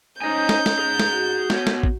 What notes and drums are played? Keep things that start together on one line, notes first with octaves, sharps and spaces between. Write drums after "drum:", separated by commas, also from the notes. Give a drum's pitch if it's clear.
C#4 D#4 C5 D#5 G#5 G6
drum: snare
drum: snare
G#4 A#5
drum: snare
F#4
B3 C#5, drum: snare
drum: snare
drum: kick